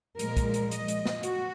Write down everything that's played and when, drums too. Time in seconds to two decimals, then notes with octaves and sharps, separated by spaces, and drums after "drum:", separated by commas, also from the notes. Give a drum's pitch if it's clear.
0.19 A#2 F3 G#3 A#4, drum: hi-hat
0.37 drum: kick, hi-hat
0.54 drum: hi-hat
0.71 D#5, drum: hi-hat
0.88 drum: hi-hat
1.06 drum: snare
1.23 F#4, drum: hi-hat